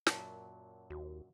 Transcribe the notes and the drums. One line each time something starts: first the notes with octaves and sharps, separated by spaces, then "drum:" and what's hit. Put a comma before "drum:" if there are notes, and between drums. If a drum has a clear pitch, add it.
F#2 A#2 F#3 A5, drum: snare
D#2 F#4